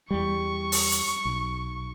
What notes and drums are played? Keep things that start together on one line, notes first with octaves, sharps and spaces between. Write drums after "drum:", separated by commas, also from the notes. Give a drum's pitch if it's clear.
E2 G3 C#6
drum: open hi-hat
drum: hi-hat
B1